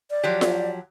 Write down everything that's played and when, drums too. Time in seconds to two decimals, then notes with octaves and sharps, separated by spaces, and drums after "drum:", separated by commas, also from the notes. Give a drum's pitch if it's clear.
0.11 D5
0.23 F3 F#3 G4
0.41 drum: snare F4